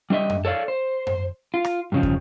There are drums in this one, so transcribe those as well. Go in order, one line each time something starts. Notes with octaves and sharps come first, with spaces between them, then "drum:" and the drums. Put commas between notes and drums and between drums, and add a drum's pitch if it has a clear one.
G3 D4 D#5 E5
drum: tom F#2
A4 C#5 D5 F5
C5
drum: tom F#2
F4
drum: rim click
G2 C#3 F3
drum: kick